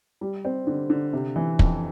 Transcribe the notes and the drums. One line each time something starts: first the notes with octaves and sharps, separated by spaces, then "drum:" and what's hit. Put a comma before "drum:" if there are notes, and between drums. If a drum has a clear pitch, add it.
G3
C4
D3
D3
C3
E3
F2, drum: kick